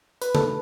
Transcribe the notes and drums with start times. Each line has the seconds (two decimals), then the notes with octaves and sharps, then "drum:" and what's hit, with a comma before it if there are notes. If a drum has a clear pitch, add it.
0.22 B4, drum: hi-hat
0.35 A4, drum: tom C#3